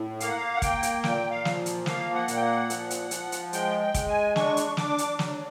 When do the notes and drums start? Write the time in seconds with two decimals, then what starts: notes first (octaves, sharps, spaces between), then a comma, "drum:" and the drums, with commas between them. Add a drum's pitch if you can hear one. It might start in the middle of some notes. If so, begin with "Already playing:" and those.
Already playing: A2
0.20 A#3 F5, drum: hi-hat
0.29 F#5
0.37 F5
0.55 F#5
0.62 A#3 G5, drum: kick, hi-hat
0.83 drum: hi-hat
1.04 A#2 G5, drum: snare
1.31 F5
1.45 F3, drum: snare
1.66 drum: hi-hat
1.86 A#3 F5, drum: snare
2.14 F#5
2.28 A#2, drum: hi-hat
2.35 G5
2.42 F#5
2.70 F3, drum: hi-hat
2.90 drum: hi-hat
3.11 F3, drum: hi-hat
3.32 drum: hi-hat
3.53 G#3 G5, drum: hi-hat
3.80 G5
3.94 G#3, drum: kick, hi-hat
4.08 G#5
4.36 D4 C#6, drum: snare
4.57 drum: hi-hat
4.77 D4 D6, drum: snare
4.98 drum: hi-hat
5.19 F#3, drum: snare